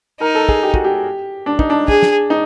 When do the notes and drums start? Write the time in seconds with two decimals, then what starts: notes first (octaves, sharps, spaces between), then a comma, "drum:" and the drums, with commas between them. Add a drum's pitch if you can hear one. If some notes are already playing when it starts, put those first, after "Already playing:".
0.21 D#4 A#4
0.35 A4
0.49 G#4, drum: kick
0.63 G4
0.74 F#4, drum: kick
0.84 G4
1.46 D4
1.59 D#4, drum: kick
1.70 D4
1.88 G#4, drum: kick
2.02 drum: snare
2.30 D#4